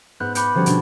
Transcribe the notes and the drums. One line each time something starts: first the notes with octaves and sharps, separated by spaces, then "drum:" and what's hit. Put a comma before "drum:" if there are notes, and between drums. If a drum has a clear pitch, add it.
G#2 B3 F#6 G6
B5 D6 D#6 F#6 G6 C#7, drum: hi-hat
D3 F3 G3 C#4 F#4
B2 D4, drum: hi-hat